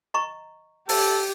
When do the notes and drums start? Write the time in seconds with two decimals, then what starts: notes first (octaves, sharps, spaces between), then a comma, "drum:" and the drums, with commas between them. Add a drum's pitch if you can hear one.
0.14 D#5 A#5 C#6
0.89 G4 A4, drum: open hi-hat